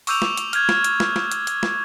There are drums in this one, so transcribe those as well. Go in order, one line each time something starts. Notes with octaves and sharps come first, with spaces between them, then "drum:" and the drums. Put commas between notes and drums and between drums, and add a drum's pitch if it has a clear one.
C#6 D6 E6 G6 D#7 F7, drum: open hi-hat
drum: snare
drum: hi-hat
F6 G6 G#6, drum: hi-hat
drum: snare
drum: hi-hat
drum: snare
drum: snare
drum: hi-hat
drum: hi-hat
drum: snare